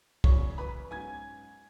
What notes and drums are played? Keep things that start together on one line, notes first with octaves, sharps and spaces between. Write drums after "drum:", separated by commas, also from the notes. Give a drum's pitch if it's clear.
E2 C#3 F#3 C#5 C#6, drum: kick
B4 B5
G#2 F#3 C#4 G#5 G#6